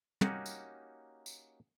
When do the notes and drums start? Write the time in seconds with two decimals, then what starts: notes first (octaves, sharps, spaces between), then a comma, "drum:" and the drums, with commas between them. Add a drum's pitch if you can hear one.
0.21 A#3 C#4 D#4 F#4 G4, drum: tom
0.46 drum: tambourine
1.26 drum: tambourine